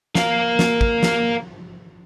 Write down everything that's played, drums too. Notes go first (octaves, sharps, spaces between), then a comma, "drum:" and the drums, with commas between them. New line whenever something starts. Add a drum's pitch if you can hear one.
A#4 F5, drum: snare
drum: snare
drum: kick
drum: snare